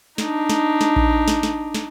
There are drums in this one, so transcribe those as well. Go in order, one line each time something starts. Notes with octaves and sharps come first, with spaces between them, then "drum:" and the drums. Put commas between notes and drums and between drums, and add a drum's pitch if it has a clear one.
D4 D#4, drum: snare
drum: snare
drum: snare
drum: kick A#1
drum: snare
drum: snare
drum: snare